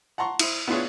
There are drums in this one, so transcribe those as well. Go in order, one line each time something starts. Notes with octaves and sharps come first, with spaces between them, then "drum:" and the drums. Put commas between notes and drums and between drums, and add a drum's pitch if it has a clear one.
F#5 A5 A#5 C6 C#6
E4 C5, drum: cymbal
B3 D4 E4 F4 G#4 C#5